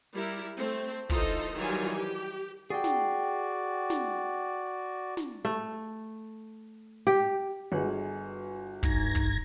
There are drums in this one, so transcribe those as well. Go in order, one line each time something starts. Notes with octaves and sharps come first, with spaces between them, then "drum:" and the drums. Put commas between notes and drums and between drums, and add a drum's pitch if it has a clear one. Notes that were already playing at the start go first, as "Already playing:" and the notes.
G3 E4 G4 A#4
A3 C4, drum: hi-hat
E3 D#4 F4 A4 C5 D#5, drum: kick
D#3 E3 F#3 G3 F4 G#5
G4
F#4 G#4 D5 G5
drum: snare
drum: snare
drum: snare
A3
G4
G1 G#3 F#4 B4 G#5
G2 D#4 G#6 A#6, drum: kick
drum: kick